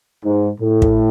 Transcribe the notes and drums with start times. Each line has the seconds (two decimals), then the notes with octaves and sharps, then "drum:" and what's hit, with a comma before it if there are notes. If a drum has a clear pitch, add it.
0.24 G#2
0.59 A2
0.82 drum: kick